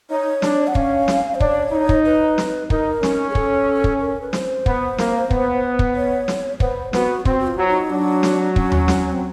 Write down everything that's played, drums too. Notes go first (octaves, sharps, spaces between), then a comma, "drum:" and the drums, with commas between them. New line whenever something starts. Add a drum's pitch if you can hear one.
D#4 C#5
D4, drum: snare
F#5
C#4 F5, drum: kick
drum: snare
C5
D4 C#5, drum: kick
D#4
drum: kick
B4
drum: snare
D#4 A#4, drum: kick
C#4, drum: snare
G#4
A4, drum: kick
drum: kick
A#4
B4
C5, drum: snare
B3, drum: kick
A#3, drum: snare
B3, drum: kick
drum: kick
C#5
drum: snare
B3 C5, drum: kick
B3 F#4, drum: snare
C4 F#4, drum: kick
F#4
F4
F#3
D#4
F#3 D4
drum: snare
C#4, drum: kick
drum: tom D#2
drum: snare
C4